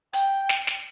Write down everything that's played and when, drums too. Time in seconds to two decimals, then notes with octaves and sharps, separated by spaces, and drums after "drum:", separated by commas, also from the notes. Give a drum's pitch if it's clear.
0.13 G5, drum: hi-hat
0.49 drum: snare
0.67 drum: snare